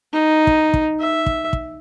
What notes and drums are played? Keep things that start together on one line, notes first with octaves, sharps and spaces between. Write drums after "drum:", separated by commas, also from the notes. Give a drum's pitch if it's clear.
D#4
drum: kick
drum: kick
E5
drum: kick
drum: kick